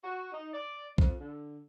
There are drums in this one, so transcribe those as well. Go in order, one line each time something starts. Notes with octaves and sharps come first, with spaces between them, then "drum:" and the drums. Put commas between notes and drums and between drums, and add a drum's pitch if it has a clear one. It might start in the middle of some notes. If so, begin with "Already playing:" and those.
F#4
D#4
D5
F2, drum: kick B1
D3